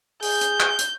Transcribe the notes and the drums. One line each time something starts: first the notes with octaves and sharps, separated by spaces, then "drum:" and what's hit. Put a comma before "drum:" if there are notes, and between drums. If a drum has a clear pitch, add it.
G#4 G6, drum: open hi-hat
drum: hi-hat
drum: clap
drum: hi-hat